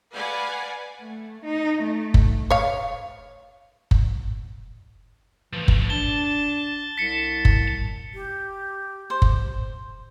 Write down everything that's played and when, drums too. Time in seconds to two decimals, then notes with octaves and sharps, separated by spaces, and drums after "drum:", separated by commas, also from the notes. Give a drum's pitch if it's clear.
0.14 B4 D5 F5 F#5 G#5 B5
1.01 A3
1.45 D#4
1.81 A3
2.14 drum: kick F#1
2.50 C#5 F5
3.91 drum: kick F#1
5.53 A2 E3 F3
5.68 drum: kick F#1
5.90 D4 A5 G7
6.98 C2 B6 C#7
7.45 drum: kick F#1
8.14 G4
9.10 C5
9.22 drum: kick F#1